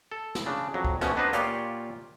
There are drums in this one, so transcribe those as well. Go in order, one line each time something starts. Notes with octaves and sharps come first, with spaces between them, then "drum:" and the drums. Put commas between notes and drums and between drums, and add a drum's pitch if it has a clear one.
A4
drum: snare
C#3 D4
F2 F#3
drum: kick C#2
B2 E3 F3 A3 C#4, drum: snare
B3 D4 D#4 B4 C5
A#2 F4 G4 C#5 D5, drum: hi-hat